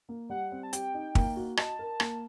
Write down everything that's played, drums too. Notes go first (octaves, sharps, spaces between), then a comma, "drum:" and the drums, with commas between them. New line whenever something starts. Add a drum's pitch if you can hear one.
A#3
G3 F#5
C4
A5
G4 G5, drum: hi-hat
D#4
A#3, drum: kick
F#4
D#5 A5, drum: rim click
A#4
A#3, drum: rim click